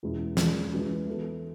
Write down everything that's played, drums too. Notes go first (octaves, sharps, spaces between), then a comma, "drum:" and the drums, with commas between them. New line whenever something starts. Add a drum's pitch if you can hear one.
E2 B2 G#3 C#4 E4
C#3 G#3 C#4 G#4 D5, drum: snare
E3 G#3 C#4 F#4
E3 B3 F#4 A4